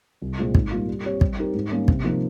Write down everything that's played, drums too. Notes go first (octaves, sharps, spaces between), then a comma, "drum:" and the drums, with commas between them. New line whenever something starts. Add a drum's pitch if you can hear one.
C2
A#2 G#3 C4 F4
G#2, drum: kick
G3 A#3 F4
G3
C4 G4 C#5
G3, drum: kick
C4 D#4 G4 A#4
G#2
G3 A#3 C#4
C3, drum: kick
F3 A#3 D#4